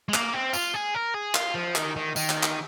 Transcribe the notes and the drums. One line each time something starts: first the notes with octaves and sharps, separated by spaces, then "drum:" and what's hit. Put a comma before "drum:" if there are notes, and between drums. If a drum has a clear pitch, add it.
G#3
A#3, drum: clap
C4
F4, drum: tambourine
G#4
A#4
G#4
F4, drum: clap
F3
D#3, drum: clap
D#3
D#3, drum: tambourine
drum: clap
drum: clap